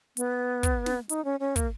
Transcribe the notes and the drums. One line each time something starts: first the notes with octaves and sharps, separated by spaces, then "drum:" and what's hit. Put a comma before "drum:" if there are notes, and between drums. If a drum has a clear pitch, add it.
B3, drum: hi-hat
drum: kick, hi-hat
drum: snare
D#4, drum: hi-hat
C#4
C#4
A#3, drum: kick, hi-hat